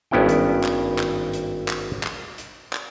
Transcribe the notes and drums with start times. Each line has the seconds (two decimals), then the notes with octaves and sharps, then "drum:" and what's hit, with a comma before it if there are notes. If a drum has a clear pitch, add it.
0.11 G#1 G2 B3 C#4 E4 G5
0.29 drum: hi-hat
0.64 drum: clap
0.99 drum: clap
1.33 drum: hi-hat
1.68 drum: clap
2.03 drum: clap
2.38 drum: hi-hat
2.73 drum: clap